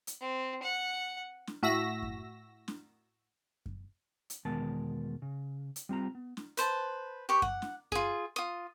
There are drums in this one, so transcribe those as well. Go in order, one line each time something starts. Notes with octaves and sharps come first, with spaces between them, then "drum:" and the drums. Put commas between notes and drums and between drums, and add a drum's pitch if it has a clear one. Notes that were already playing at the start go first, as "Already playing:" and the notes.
drum: hi-hat
C4
F#5
drum: snare
A2 F#4 E5 E6 A#6
drum: kick F#2
drum: snare
drum: kick F#2
drum: hi-hat
E2 B2 D#3 G#3 A#4 A5
C#3
drum: hi-hat
G3 C4 F4 A#5
B3
drum: snare
B4 C5 A5, drum: hi-hat
G4 B4 C#6
F#5, drum: kick F#2
drum: snare
F4 G#4, drum: kick F#2
F4 D#6